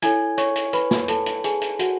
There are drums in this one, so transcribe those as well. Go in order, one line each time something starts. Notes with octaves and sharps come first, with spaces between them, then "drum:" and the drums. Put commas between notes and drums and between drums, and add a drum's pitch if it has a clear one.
E4 A4 C#5 G#5 G#6, drum: hi-hat
C#5 C#6, drum: hi-hat
drum: hi-hat
B4 B5, drum: hi-hat
drum: snare
A4 A5, drum: hi-hat
drum: hi-hat
G#4 G#5, drum: hi-hat
drum: hi-hat
F#4 F#5, drum: hi-hat